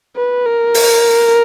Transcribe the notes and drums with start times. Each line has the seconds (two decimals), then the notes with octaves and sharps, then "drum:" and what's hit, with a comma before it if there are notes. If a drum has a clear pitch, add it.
0.16 B4
0.46 A#4
0.74 drum: open hi-hat